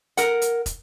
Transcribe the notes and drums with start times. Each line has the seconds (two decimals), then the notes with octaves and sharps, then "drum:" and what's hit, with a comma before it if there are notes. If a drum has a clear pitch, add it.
0.17 A#4 F#5, drum: hi-hat
0.42 drum: hi-hat
0.66 drum: kick, hi-hat